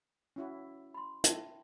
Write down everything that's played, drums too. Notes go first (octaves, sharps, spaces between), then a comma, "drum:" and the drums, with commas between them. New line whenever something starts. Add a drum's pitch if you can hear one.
C#4 E4 F#4
B5 C6
E5 G5 A5, drum: hi-hat